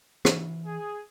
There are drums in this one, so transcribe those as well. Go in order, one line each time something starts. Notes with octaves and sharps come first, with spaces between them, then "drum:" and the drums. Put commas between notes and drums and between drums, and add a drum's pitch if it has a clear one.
E3, drum: rim click
G#4